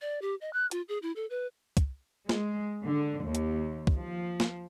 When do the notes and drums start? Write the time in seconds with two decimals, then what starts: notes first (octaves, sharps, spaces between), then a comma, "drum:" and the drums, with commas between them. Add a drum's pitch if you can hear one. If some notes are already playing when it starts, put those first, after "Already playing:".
0.02 D5
0.22 G4
0.41 D#5
0.53 F#6
0.71 F4, drum: hi-hat
0.89 G#4
1.02 E4
1.16 A4
1.30 B4
1.77 drum: kick, hi-hat
2.29 G#3, drum: snare
2.85 D3
3.24 D#2
3.35 drum: hi-hat
3.87 drum: kick
3.97 F3
4.40 drum: snare